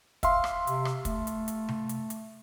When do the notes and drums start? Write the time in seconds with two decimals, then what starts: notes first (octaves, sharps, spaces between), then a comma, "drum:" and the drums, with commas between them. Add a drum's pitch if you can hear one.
0.23 E5 F5 C6, drum: kick, hi-hat
0.44 drum: rim click
0.67 C3, drum: hi-hat
0.85 drum: rim click
1.05 A3, drum: kick, hi-hat
1.27 drum: hi-hat
1.48 drum: hi-hat
1.69 drum: tom C3
1.89 drum: hi-hat
2.10 drum: hi-hat